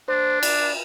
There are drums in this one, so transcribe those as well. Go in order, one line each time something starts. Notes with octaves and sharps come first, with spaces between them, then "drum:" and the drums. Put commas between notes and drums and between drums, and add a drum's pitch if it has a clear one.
D4 C5
D5, drum: cymbal